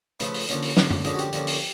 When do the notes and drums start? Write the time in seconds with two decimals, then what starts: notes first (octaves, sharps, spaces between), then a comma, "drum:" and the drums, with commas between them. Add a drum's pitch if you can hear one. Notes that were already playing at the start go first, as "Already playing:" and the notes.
0.20 C#3 F3 A3 B4, drum: hi-hat
0.34 drum: open hi-hat
0.48 D3 F3 A#3 C#4, drum: hi-hat
0.62 drum: open hi-hat
0.77 D3 F3 A#3 C#4, drum: snare
0.90 drum: tom F#2
1.04 D3 F3 A#3 C#4 G#4, drum: hi-hat
1.14 F#4
1.19 G4, drum: hi-hat
1.32 D3 F3 A#3 C#4, drum: hi-hat
1.47 drum: open hi-hat